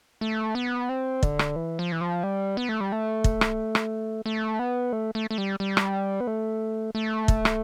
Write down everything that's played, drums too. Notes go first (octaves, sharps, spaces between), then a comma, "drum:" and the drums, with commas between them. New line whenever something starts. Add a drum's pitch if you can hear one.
A3
B3
C4
D3, drum: kick
drum: rim click
E3
F3
E3
F3
G3
B3
A3
G3
A3
drum: kick
drum: rim click
drum: rim click
A3
B3
A3
A3
A3
G3
G3
drum: rim click
B3
A3
A3
drum: kick
drum: rim click